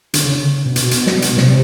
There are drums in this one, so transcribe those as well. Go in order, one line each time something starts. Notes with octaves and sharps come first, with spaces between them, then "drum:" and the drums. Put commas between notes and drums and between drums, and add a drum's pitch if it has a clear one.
D3, drum: hi-hat
C#3
B2
drum: hi-hat
drum: hi-hat
drum: snare
drum: hi-hat
C3, drum: snare